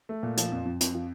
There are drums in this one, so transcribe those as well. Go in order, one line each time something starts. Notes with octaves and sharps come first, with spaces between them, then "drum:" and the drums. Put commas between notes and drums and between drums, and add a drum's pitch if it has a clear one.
A3
A#2
F3, drum: hi-hat
F2
F2
F2, drum: hi-hat
F3